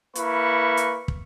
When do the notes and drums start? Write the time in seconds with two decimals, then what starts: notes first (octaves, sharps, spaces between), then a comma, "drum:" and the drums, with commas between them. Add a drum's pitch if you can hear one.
0.15 A#3 E4 B4 C#6, drum: hi-hat
0.77 drum: hi-hat
1.08 drum: kick